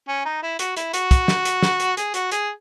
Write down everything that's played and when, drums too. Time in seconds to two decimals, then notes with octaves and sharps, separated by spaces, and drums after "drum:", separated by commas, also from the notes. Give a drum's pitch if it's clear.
0.08 C#4
0.25 D#4
0.43 E4
0.59 F#4, drum: hi-hat
0.76 E4, drum: hi-hat
0.93 F#4, drum: hi-hat
1.11 drum: kick, hi-hat
1.28 drum: snare
1.45 drum: hi-hat
1.63 drum: snare
1.80 drum: hi-hat
1.97 G#4, drum: hi-hat
2.14 F#4, drum: hi-hat
2.31 G#4, drum: hi-hat